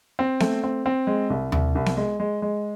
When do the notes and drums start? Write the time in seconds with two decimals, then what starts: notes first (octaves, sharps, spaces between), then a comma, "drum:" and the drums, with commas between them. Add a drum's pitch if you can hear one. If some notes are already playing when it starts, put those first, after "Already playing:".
0.19 C4
0.40 A3, drum: snare B3
0.63 C4
0.86 C4
1.07 G#3
1.30 C2
1.52 C2, drum: tom D#2
1.75 C2
1.86 drum: snare B3
1.97 G#3
2.20 G#3
2.42 G#3